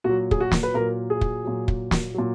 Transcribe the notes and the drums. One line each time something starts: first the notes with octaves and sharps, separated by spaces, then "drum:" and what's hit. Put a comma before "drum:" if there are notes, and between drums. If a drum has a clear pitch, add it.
A#2 F#3 F#4
G#4, drum: kick
F#4
drum: snare
B4
A#2 F#3 A#4
G#4
drum: kick
A#2 F#3
drum: kick
drum: snare
A#2 F#3